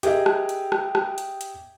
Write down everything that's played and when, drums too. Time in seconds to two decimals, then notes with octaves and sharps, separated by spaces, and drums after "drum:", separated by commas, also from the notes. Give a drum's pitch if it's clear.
0.03 G4 G#4 A#4 D#5 E5, drum: hi-hat
0.26 drum: rim click
0.49 drum: hi-hat
0.72 drum: rim click
0.95 drum: rim click
1.18 drum: hi-hat
1.41 drum: hi-hat